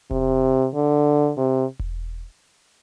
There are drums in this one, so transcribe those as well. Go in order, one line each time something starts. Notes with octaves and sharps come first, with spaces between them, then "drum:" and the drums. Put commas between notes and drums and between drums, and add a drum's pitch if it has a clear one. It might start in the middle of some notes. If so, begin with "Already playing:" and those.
C3, drum: kick E1
D3
C3
drum: kick E1